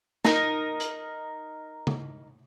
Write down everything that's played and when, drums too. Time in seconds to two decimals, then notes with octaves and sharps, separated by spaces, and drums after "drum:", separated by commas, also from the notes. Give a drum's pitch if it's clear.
0.25 D#4 A#4, drum: snare
0.80 drum: hi-hat
1.87 drum: tom C#3